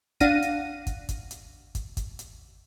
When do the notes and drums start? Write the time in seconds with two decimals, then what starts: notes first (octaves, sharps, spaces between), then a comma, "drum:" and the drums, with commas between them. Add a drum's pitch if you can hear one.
0.20 D4 F5 F#5 A#6 D#7, drum: kick, hi-hat
0.42 drum: hi-hat
0.87 drum: kick, hi-hat
1.09 drum: kick, hi-hat
1.31 drum: hi-hat
1.75 drum: kick, hi-hat
1.97 drum: kick, hi-hat
2.19 drum: hi-hat